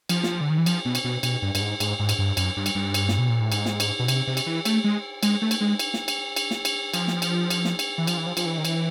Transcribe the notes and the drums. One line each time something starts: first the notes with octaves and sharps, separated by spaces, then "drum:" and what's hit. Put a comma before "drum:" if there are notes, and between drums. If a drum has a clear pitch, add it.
F3, drum: cymbal
drum: snare
D3
D#3
E3
F3, drum: cymbal
B2
drum: cymbal
B2
B2, drum: cymbal
G2
G2, drum: cymbal
G#2
G#2, drum: cymbal
G#2
drum: cymbal
G2
F#2, drum: cymbal
G2
drum: cymbal
G2
drum: cymbal
drum: snare
B2
A#2
A2
G#2, drum: cymbal
drum: snare
drum: cymbal
B2
C3, drum: cymbal
C3
drum: cymbal
E3
A3, drum: cymbal
G#3
G#3, drum: cymbal
A3
drum: cymbal
G#3
drum: cymbal
drum: snare
drum: cymbal
drum: cymbal
drum: snare
drum: cymbal
F3, drum: cymbal
drum: snare
drum: cymbal
drum: cymbal
drum: snare
drum: cymbal
E3
F3, drum: cymbal
E3
F3
F3, drum: cymbal
E3
D#3
E3, drum: cymbal